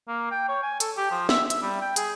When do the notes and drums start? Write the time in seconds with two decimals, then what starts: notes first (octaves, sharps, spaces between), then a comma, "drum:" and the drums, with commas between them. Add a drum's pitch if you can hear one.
0.08 A#3
0.31 G5
0.49 C#5
0.63 G#5
0.80 A4, drum: hi-hat
0.97 G4
1.11 F3
1.29 E5, drum: snare
1.50 E5, drum: hi-hat
1.62 G3
1.82 G5
1.96 G#4, drum: hi-hat